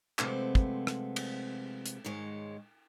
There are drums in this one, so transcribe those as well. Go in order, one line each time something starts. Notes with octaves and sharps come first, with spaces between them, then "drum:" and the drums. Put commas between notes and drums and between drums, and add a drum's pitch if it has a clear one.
C3 F3 G#3 A3 B3 C4, drum: clap
drum: kick
drum: rim click
drum: cymbal
drum: hi-hat
G#2 D#3 G#3 C#5